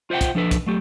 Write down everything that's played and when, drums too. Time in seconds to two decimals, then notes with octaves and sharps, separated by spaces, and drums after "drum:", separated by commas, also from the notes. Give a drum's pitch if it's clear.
0.10 F4 C5 E5 F#5 G5
0.21 drum: kick, hi-hat
0.35 F3 D4 A4 B4
0.51 drum: kick, hi-hat
0.67 F#3 A3 G4